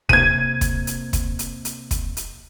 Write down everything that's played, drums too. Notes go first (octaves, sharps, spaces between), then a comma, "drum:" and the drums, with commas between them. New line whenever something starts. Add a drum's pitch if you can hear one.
C3 A#3 G#6 D#7, drum: kick
drum: kick, hi-hat
drum: hi-hat
drum: kick, hi-hat
drum: hi-hat
drum: hi-hat
drum: kick, hi-hat
drum: hi-hat